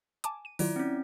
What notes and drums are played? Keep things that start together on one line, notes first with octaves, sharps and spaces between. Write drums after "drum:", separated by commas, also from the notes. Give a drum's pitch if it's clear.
G#5 A5 D6, drum: hi-hat
D#7
D#3 F#3 E4 F4 D5, drum: open hi-hat
C4 C#4